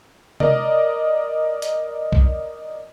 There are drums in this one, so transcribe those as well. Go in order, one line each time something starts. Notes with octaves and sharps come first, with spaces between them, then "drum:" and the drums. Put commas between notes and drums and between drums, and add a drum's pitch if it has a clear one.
A#4 D5 D#5, drum: tom C3
drum: hi-hat
drum: kick B1